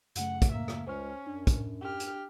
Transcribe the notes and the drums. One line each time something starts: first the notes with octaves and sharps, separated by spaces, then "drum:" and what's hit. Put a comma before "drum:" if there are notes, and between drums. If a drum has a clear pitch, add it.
F#2 C#3 A3 F#5, drum: hi-hat
drum: kick, hi-hat
A#3 E5
drum: rim click
C#2 C#4 C5 C#6 F6
F#2 D4
drum: kick, hi-hat
G4 F6
drum: hi-hat